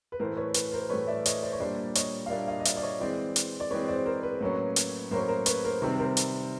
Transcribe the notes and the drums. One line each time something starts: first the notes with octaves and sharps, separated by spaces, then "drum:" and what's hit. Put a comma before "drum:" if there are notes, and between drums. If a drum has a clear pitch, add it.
B4
A2 E3 A3 A#4 C5
B4 C#5
B4, drum: hi-hat
A#4 C5
A2 E3 A3 B4 C#5
D5 E5
C#5 D#5, drum: hi-hat
C5 D5
C#5
A#2 G3 A#3 D4 C5 D5
C#5 D#5, drum: hi-hat
F5
A#2 G3 A#3 D4 D5 E5
D#5 F5
D#5
D5 E5, drum: hi-hat
D5
C#5 D#5
E3 G#3 C4 C5 D5
drum: hi-hat
D5
E3 G#3 C4 B4 C#5
C5 D5
A#4 C5
B4
A2 F#3 A#3 C#4
drum: hi-hat
A2 F#3 A#3 C#4 A#4 C5
A#4 C5
B4 C#5, drum: hi-hat
A#4 C5
C3 D#3 G3 C4
A#4 C5
drum: hi-hat